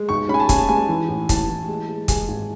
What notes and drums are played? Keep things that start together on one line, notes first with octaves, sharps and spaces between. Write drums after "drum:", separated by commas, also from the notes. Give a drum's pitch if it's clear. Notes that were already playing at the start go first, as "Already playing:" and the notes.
Already playing: G#3
B1 C#6
C#4 B5
G#5
A5
C#4 G#5, drum: kick, hi-hat
A5
G#3 G#5
E3
A2
A2 A5, drum: kick, hi-hat
E3
G#3
G#3
G#3 G#5, drum: kick, hi-hat
G#1